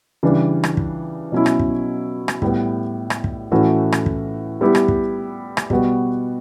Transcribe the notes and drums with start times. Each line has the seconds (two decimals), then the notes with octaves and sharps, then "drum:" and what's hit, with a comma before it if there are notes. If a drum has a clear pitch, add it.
0.23 C#3 E3 G3 D4
0.64 drum: rim click
0.77 drum: kick
1.32 B2 F#3 C#4 E4
1.46 drum: rim click
1.59 drum: kick
2.28 drum: rim click
2.42 A2 G3 B3, drum: kick
3.10 drum: rim click
3.24 drum: kick
3.52 A2 E3 A3 C#4 F#4
3.92 drum: rim click
4.06 drum: kick
4.61 G3 B3 E4 G4
4.75 drum: rim click
4.88 drum: kick
5.57 drum: rim click
5.70 B2 G3 B3 F#4, drum: kick